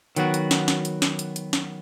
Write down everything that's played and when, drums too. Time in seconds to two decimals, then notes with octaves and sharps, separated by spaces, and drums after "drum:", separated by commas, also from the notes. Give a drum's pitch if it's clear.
0.16 D#3 F#3 B3 F#4, drum: hi-hat
0.34 drum: hi-hat
0.51 drum: snare
0.68 drum: snare
0.85 drum: hi-hat
1.02 drum: snare
1.19 drum: hi-hat
1.36 drum: hi-hat
1.53 drum: snare